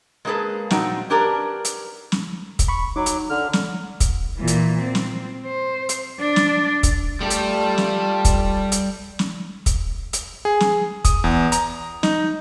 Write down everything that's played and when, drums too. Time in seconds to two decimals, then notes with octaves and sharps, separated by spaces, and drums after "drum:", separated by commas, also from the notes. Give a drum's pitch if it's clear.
0.25 G#3 A#3 C#4 G#4 A4 B4
0.70 A#2 F3 C4 D#4 F#4, drum: snare
1.10 C#4 D4 G4 A#4 B4 D5
1.65 drum: hi-hat
2.12 drum: snare
2.59 drum: kick, hi-hat
2.68 B5 C#6
2.96 F#3 D#4 D6
3.06 drum: hi-hat
3.30 D3 F6
3.53 drum: snare
4.00 drum: kick, hi-hat
4.37 A#2 E3
4.48 drum: hi-hat
4.81 C4
4.95 drum: snare
5.46 C5
5.89 drum: hi-hat
6.20 D4 D5
6.36 drum: snare
6.83 drum: kick, hi-hat
7.21 G3 A3 F4 G4 A5
7.30 drum: hi-hat
7.78 drum: snare
8.25 drum: kick, hi-hat
8.72 drum: hi-hat
9.19 drum: snare
9.66 drum: kick, hi-hat
10.13 drum: hi-hat
10.45 G#4
10.60 drum: snare
11.05 D#6, drum: kick, hi-hat
11.24 E2
11.52 A#5, drum: hi-hat
12.03 D#4, drum: snare